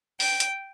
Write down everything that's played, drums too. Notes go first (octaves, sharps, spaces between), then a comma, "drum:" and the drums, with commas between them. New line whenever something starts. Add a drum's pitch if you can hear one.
G5, drum: open hi-hat
drum: hi-hat